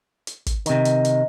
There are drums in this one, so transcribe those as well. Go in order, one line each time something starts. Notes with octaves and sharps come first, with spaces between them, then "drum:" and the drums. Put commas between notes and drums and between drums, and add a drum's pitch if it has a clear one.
drum: hi-hat
drum: kick, hi-hat
C3 D#3 D#5, drum: hi-hat
drum: hi-hat
drum: hi-hat